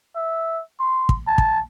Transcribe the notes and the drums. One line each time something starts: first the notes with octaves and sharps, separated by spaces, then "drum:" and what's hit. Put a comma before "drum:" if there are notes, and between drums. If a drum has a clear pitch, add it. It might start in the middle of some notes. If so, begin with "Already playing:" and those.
E5
C6
drum: kick
A5
drum: kick